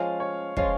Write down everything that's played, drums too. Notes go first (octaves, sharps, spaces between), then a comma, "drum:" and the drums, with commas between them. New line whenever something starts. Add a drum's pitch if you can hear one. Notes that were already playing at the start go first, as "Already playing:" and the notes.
Already playing: F3 G#3 C#4 F4 F5
C#5
F3 G#3 C#4 F4, drum: kick